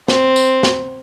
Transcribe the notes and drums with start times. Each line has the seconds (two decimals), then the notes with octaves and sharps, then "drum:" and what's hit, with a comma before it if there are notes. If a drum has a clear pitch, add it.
0.08 C4, drum: snare
0.36 drum: tambourine
0.63 drum: snare